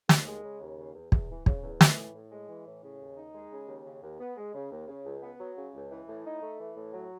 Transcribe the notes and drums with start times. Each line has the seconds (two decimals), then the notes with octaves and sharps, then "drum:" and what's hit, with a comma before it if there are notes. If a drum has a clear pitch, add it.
0.09 D#2, drum: snare
0.27 G#3
0.43 C#3
0.61 D#2
0.78 C#3
0.94 E2
1.12 E2, drum: kick
1.29 E3
1.46 C#3, drum: kick
1.63 E2
1.81 E3, drum: snare
1.97 A2
2.15 A2
2.32 G#3
2.49 E3
2.66 A2
2.83 C#3
3.00 D#2
3.17 D#4
3.35 G#3
3.52 C#3
3.68 D#2
3.85 C#3
4.03 D#2
4.20 B3
4.37 G#3
4.54 C#3
4.71 D#2
4.88 C#3
5.05 C#2
5.22 B3
5.40 F#3
5.57 C#3
5.74 C#2
5.90 E3
6.08 A2
6.25 D#4
6.41 A3
6.59 E3
6.76 A2
6.93 F#3